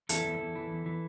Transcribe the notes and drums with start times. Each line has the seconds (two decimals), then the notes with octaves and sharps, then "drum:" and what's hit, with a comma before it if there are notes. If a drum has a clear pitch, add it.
0.09 E2 E4 A4, drum: hi-hat
0.25 E2
0.40 E2
0.56 E3
0.70 E2
0.86 E3